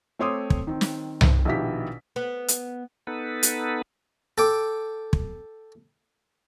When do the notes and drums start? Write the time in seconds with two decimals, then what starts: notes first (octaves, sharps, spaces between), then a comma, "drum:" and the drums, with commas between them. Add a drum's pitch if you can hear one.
0.19 A3 C4 C#5 C6 D6 D#6
0.50 drum: kick
0.67 D#3 C4
0.81 drum: snare
1.21 drum: tom C2
1.45 A#1 B2 D#3 E4 G4 B6
2.16 B3
2.48 drum: hi-hat
3.07 B3 D#4 A4 B4
3.43 drum: hi-hat
4.38 A4 G5 D6
5.13 drum: kick